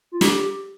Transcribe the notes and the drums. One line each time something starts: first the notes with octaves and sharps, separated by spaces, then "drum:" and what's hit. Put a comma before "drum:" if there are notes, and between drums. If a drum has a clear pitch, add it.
F4
G4, drum: snare